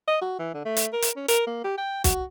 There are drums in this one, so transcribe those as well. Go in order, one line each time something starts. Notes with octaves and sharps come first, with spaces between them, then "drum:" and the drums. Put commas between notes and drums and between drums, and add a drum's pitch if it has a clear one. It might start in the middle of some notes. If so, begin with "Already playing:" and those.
D#5
F#4
E3
D3
A3
drum: hi-hat
A#4
drum: hi-hat
C#4
A#4, drum: hi-hat
A#3
G4
G5
F#4, drum: kick, hi-hat